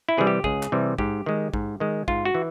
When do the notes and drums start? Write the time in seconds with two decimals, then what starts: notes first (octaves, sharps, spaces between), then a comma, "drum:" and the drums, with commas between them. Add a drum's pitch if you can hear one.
0.09 E4
0.17 C3 E3 G3 G#4
0.27 G4
0.44 C#2 G#4, drum: kick
0.63 drum: clap
0.72 C3 E3 G3
0.98 G#2 G4, drum: kick
1.26 D#3 G#3
1.54 G#2, drum: kick
1.80 D#3 G#3
2.08 G#2 F4, drum: kick
2.25 F#4
2.35 E3